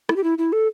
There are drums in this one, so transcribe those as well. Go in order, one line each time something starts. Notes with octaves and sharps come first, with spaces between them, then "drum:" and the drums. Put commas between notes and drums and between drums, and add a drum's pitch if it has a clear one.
E4, drum: rim click
G4
E4
E4
A4